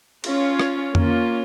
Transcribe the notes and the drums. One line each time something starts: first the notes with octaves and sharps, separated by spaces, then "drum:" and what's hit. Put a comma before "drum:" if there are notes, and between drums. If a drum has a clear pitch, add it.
C#4 F4 C#5, drum: cymbal
drum: rim click
A#3 C#4 F4, drum: tom F2